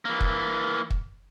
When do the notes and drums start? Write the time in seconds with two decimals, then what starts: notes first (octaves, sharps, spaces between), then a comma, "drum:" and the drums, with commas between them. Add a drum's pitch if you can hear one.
0.05 E3 A#3
0.21 drum: kick
0.90 drum: kick